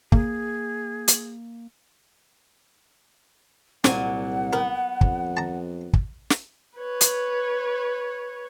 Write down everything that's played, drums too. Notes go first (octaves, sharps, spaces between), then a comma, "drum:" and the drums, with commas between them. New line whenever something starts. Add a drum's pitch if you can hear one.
A#3 G#4, drum: kick
drum: hi-hat
C2 A#2 F#3 C4 F#5 G#5, drum: snare
B3 A#4
F2, drum: kick
A5 A#5
drum: kick
drum: snare
B4 C#5
drum: hi-hat